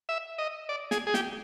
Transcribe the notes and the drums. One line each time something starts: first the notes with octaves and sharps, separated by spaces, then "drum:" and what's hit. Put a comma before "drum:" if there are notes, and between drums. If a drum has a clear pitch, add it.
E5
D#5
D5
G#4, drum: snare
G#4
G4, drum: snare